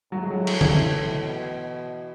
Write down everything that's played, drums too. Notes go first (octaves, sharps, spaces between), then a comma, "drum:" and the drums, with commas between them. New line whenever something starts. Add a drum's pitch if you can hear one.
A2 F#3
G#3
F#3
drum: cymbal
E3, drum: tom D3
B2